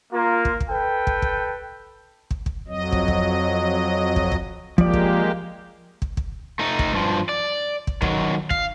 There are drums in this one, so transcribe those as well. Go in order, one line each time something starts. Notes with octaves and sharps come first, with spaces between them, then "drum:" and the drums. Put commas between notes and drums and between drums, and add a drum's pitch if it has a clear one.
A#3 F4
drum: kick
drum: kick
A4 B4 G5
drum: kick
drum: kick
drum: kick
drum: kick
F2 F#3 D#5
drum: kick
drum: kick
drum: kick
drum: kick
F3 G#3 A#3 G4 D5, drum: kick
drum: kick
drum: kick
drum: kick
A3 D#4
drum: kick
G2 F3
D5
drum: kick
D#3 F#3, drum: kick
F5, drum: kick